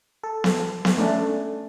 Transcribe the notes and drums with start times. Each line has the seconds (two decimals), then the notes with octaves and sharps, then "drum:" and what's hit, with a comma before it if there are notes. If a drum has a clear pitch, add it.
0.24 A4
0.44 drum: snare B3
0.85 drum: snare B3
0.97 A3 C#4 D4